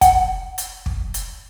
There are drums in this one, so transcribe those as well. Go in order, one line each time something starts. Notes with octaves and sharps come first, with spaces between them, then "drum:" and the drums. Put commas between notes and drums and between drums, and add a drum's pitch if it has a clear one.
F#5, drum: kick, hi-hat
drum: hi-hat
drum: kick
drum: hi-hat